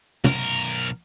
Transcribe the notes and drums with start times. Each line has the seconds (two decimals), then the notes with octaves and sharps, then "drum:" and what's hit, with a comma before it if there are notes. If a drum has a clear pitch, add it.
0.24 B1 A#4, drum: tom